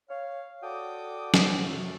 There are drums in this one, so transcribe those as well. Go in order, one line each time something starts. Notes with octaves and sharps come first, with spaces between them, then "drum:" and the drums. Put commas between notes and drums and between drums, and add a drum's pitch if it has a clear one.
C#5 F5
F#4 A4 D5 G5 D6 D#6
drum: snare
F#2 C3 A3